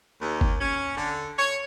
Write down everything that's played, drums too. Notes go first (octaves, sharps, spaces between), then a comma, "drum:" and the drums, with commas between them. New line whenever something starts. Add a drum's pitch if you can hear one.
D#2
drum: kick G1
C#4
D3
C#5